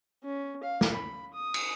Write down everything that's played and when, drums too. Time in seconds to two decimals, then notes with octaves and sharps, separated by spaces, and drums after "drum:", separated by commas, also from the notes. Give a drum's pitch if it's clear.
0.24 C#4
0.63 F5
0.81 drum: snare
0.94 B5
1.33 D#6
1.54 drum: cymbal